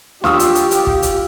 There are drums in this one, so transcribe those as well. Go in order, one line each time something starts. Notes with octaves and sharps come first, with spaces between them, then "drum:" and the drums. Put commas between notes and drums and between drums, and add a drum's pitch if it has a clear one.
F4 G4 C#6 D#6 E6, drum: snare
drum: hi-hat
drum: hi-hat
drum: hi-hat
drum: kick
drum: hi-hat